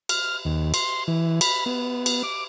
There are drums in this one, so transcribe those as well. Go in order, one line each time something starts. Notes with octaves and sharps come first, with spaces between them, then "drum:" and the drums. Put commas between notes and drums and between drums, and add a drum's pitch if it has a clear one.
F6, drum: cymbal
D#2
C6, drum: cymbal
E3
B5, drum: cymbal
B3
drum: cymbal
D6